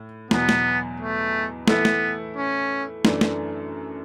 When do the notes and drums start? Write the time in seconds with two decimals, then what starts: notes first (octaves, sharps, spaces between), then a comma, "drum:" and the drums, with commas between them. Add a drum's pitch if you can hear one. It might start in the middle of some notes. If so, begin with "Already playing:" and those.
Already playing: A2
0.31 E2 B2 F#3 B3, drum: snare
0.49 drum: snare
1.00 A3
1.68 E3 A3 B3 E4 A4, drum: snare
1.85 drum: snare
2.36 C#4
3.05 F#2 E3 A3 D4, drum: snare
3.21 drum: snare